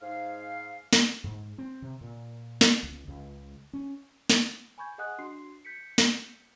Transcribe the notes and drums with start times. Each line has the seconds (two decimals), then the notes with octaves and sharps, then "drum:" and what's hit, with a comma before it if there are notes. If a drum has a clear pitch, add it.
0.02 G#2 G#4 F5
0.93 drum: snare
1.24 G#2
1.58 C4
1.82 C3
2.01 A#2
2.61 drum: snare
2.83 C#2
3.08 C#2
3.73 C#4
4.30 drum: snare
4.78 G#5 B5 C#6 G6 G#6
4.98 G#4 D#5 F#5 G#5 D#6 F#6
5.19 D4 F#4 C6 C7
5.65 G6 B6 C#7
5.98 drum: snare